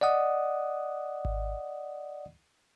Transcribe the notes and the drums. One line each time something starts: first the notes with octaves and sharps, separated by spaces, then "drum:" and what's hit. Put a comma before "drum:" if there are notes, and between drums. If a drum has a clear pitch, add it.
D5 D#5 F#5 D#6
drum: kick G#1